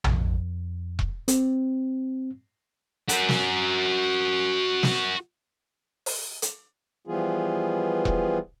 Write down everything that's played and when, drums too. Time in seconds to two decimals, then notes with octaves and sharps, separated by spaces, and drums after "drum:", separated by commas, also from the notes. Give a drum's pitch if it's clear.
0.04 F2, drum: tom A#1
0.99 drum: kick E1
1.28 C4, drum: hi-hat
3.09 F#4 A#4, drum: hi-hat
3.29 drum: snare
4.83 drum: snare
6.06 drum: open hi-hat
6.42 drum: hi-hat
7.07 E3 F3 G3 B3 F4 G#4
8.05 drum: kick E1